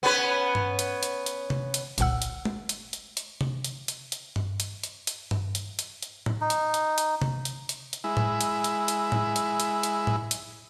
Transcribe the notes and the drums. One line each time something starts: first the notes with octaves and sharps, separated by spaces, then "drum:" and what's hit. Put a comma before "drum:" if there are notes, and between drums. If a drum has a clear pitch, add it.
B3 C#4 B4
drum: tom G2
drum: hi-hat
drum: hi-hat
drum: hi-hat
drum: tom C3
drum: hi-hat
G1 C2 A#2 F#5 E6, drum: hi-hat
drum: hi-hat
drum: tom
drum: hi-hat
drum: hi-hat
drum: hi-hat
drum: tom C3
drum: hi-hat
drum: hi-hat
drum: hi-hat
drum: tom G2
drum: hi-hat
drum: hi-hat
drum: hi-hat
drum: tom G2
drum: hi-hat
drum: hi-hat
drum: hi-hat
drum: tom A2
D#4
drum: hi-hat
drum: hi-hat
drum: hi-hat
drum: tom C3
drum: hi-hat
drum: hi-hat
drum: hi-hat
G#3 E4
drum: tom A2
drum: hi-hat
drum: hi-hat
drum: hi-hat
drum: tom A2
drum: hi-hat
drum: hi-hat
drum: hi-hat
drum: tom A2
drum: hi-hat